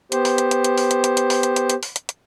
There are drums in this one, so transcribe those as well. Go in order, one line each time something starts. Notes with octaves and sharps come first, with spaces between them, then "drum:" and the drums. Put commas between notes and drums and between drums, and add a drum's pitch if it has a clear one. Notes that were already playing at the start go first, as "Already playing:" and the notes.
B3 G4 C5, drum: hi-hat
drum: open hi-hat
drum: hi-hat
drum: hi-hat
drum: hi-hat
drum: open hi-hat
drum: hi-hat
drum: hi-hat
drum: hi-hat
drum: open hi-hat
drum: hi-hat
drum: hi-hat
drum: hi-hat
drum: open hi-hat
drum: hi-hat
drum: hi-hat